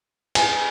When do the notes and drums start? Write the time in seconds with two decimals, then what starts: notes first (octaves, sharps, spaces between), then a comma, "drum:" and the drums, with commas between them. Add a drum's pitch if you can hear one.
0.35 G#5, drum: cymbal